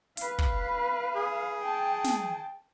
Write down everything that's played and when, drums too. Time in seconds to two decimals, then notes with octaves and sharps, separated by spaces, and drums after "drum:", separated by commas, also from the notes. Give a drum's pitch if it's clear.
0.17 B4 F5, drum: hi-hat
0.39 drum: kick
1.15 G#4
1.62 G5 A5
2.04 drum: snare